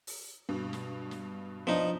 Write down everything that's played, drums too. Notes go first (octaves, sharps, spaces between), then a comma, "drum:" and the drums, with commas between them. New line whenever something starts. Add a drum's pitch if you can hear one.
drum: open hi-hat
G2 B2
drum: snare
drum: snare
F3 B3 D4 D#4